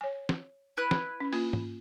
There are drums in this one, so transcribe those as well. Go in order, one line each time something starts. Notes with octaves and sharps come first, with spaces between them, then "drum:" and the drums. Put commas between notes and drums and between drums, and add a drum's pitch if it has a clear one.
C#5 G#5
drum: snare
E4 B4 F#6
drum: snare
C#4
A#3 F4, drum: open hi-hat
drum: tom G#2